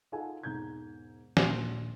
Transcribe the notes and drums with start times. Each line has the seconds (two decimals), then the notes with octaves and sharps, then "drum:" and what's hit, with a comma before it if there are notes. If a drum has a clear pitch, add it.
0.12 D#4 F4 A4 F#5 G#5 A5
0.43 E1 G#2 A#5 G6 G#6
1.37 D#1 A#1 C6, drum: snare